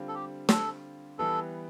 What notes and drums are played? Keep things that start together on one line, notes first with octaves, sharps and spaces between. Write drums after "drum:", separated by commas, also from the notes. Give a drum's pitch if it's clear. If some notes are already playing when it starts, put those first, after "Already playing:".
Already playing: D3 G3 C4 F4
A4
G4
A4, drum: snare
E3 G3 B3 A4